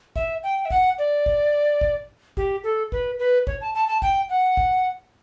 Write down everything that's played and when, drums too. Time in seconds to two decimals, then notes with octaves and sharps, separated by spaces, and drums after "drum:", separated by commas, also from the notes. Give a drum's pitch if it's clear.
0.16 E5, drum: kick
0.43 G5
0.65 E5
0.70 F#5, drum: kick
0.98 D5
1.26 drum: kick
1.81 drum: kick
2.37 G4, drum: kick
2.64 A4
2.92 B4, drum: kick
3.19 B4
3.47 C#5, drum: kick
3.61 A5
3.75 A5
3.88 A5
4.02 G5, drum: kick
4.29 F#5
4.57 drum: kick